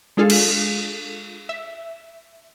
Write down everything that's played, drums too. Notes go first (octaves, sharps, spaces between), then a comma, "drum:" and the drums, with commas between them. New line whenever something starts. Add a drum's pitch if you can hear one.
G#3 D4 F4 G#4 A4 F5
drum: cymbal
E5